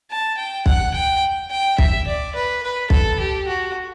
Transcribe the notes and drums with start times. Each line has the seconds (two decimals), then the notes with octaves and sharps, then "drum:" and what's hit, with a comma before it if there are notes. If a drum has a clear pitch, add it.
0.10 A5
0.37 G5
0.66 F#5, drum: kick
0.94 G5
1.50 G5
1.78 E5, drum: kick
2.07 D5
2.35 B4
2.63 B4
2.90 A4, drum: kick
3.19 G4
3.47 F#4